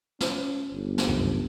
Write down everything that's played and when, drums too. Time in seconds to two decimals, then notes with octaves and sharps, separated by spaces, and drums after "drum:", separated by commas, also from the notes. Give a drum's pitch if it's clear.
0.21 C#4, drum: snare
0.72 G1
0.98 drum: snare
1.08 C2 F#2 D#3